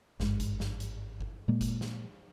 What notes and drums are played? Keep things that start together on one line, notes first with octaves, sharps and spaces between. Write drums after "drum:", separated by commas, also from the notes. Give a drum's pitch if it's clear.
G#1 G2 G#3, drum: snare
drum: kick G1, hi-hat
drum: snare
drum: hi-hat
drum: kick G1
A#2 G#3 A#3
drum: kick G1, hi-hat
drum: snare